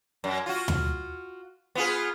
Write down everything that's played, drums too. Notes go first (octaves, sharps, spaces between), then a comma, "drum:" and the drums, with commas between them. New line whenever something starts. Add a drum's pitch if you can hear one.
F#2
F4 F#4
drum: tom D#2
B3 F4 G#4